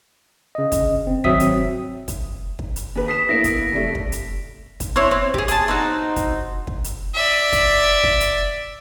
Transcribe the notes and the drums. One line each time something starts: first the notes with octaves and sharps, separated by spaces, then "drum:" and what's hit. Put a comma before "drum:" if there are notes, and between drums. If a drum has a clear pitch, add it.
C#3 D#5
drum: kick, hi-hat
C4
G#1 F#3 C4 E5 D#6 B6, drum: kick
drum: hi-hat
drum: kick, hi-hat
drum: kick
drum: hi-hat
D#2 B4
D#6 B6 C7 E7
A#3 B3 E4 A#6 D7
drum: kick, hi-hat
C3 G3 A3
drum: kick
drum: hi-hat
drum: kick, hi-hat
C4 D4 E4 C#5
C4
G4 G#4, drum: kick
G#4 A5, drum: hi-hat
C4 D#4 F#4
drum: kick, hi-hat
drum: kick
drum: hi-hat
D5 E5
drum: kick, hi-hat
drum: kick
drum: hi-hat